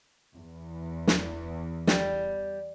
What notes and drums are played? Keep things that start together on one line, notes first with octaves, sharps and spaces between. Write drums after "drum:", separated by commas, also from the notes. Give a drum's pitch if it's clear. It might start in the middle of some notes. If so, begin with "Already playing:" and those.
E2
drum: snare
G3, drum: snare